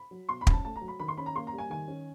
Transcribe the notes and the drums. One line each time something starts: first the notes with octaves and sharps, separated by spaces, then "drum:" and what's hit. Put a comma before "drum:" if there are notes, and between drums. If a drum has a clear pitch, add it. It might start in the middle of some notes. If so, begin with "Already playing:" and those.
Already playing: B5
F#3
B2 C6
B5
C#4, drum: kick
A5
A3 A5
A#5
F#3
B5
D#3 B5
C6
C#4 B5
A#5
A#3 C6
A#5
G3
G#5
D#3 G#5
C#4